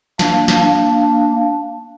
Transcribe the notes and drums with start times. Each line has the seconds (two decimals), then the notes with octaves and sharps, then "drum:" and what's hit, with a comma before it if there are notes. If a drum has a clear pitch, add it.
0.19 A#3 D4, drum: snare
0.48 drum: snare
0.60 A#3 D4